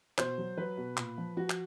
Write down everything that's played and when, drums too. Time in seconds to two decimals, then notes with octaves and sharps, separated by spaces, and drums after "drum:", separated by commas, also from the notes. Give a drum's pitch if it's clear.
0.18 B2 C5, drum: clap
0.38 F#3
0.58 F#3 B4
0.77 B2
0.97 A#2, drum: clap
1.18 F3
1.37 F3 F#4
1.50 drum: clap